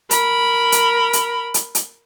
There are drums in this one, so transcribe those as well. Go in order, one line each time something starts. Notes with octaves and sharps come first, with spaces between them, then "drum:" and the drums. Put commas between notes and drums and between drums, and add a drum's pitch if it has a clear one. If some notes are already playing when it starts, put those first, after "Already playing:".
A#4 B5, drum: hi-hat
drum: hi-hat
drum: hi-hat
drum: hi-hat
drum: hi-hat